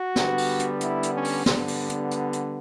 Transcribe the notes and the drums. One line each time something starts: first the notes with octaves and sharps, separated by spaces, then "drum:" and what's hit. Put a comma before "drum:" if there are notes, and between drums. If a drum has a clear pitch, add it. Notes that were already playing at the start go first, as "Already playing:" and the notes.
Already playing: F#4
D3 G3 B3, drum: snare
drum: open hi-hat
drum: hi-hat
E4, drum: hi-hat
drum: hi-hat
C#4
drum: open hi-hat
D3 G3 B3, drum: snare
drum: open hi-hat
drum: hi-hat
drum: hi-hat
drum: hi-hat